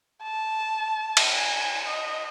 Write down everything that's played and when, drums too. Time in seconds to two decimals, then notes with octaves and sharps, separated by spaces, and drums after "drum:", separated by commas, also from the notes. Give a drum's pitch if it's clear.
0.23 A5
1.17 drum: cymbal
1.34 G#5
1.88 D#5